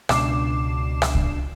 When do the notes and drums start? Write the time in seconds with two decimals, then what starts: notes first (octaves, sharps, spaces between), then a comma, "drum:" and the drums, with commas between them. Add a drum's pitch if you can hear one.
0.09 C#2 B2 D4 D6 C7 E7, drum: rim click
1.02 drum: rim click
1.15 drum: kick C2